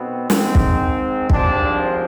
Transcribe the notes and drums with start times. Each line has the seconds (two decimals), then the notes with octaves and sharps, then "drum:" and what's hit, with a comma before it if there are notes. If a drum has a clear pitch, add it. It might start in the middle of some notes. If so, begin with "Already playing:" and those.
Already playing: B1 B2 B3 C4
0.30 G#2 D#3 G#3 C4, drum: snare
0.55 drum: kick
1.30 G#1 G2 F3 G#3 C4 D4, drum: kick